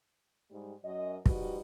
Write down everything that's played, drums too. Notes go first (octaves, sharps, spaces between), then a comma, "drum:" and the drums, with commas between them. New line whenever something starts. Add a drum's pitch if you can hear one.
G#2 G3
F#2 D#5
F3 G3 D#4 F#4 G4 B4, drum: kick